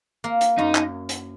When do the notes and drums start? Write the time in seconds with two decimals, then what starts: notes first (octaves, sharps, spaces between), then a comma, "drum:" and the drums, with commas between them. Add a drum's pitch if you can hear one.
0.24 A#3
0.41 drum: hi-hat
0.58 F#2 D#4
0.75 drum: clap
1.09 drum: hi-hat